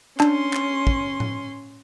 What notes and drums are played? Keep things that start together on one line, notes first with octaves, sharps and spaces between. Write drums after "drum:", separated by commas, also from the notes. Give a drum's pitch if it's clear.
C#4 D4 C6, drum: clap
drum: clap
drum: kick
drum: tom A2